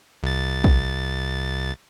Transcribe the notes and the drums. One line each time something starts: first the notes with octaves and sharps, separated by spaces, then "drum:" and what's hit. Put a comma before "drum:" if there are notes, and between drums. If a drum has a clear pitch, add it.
C2 A6
drum: kick